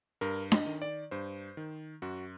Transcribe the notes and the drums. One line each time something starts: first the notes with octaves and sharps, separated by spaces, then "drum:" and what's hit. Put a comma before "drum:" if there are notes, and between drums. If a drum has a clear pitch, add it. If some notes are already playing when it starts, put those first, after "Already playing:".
G2 A#4
D#5, drum: snare D4
D#3
D5
G2 C5
D#3
F#2 F#4